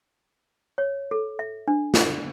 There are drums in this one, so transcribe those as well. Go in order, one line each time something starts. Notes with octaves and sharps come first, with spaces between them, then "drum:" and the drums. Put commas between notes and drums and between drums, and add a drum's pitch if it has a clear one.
C#5
A4
E5
D4
drum: snare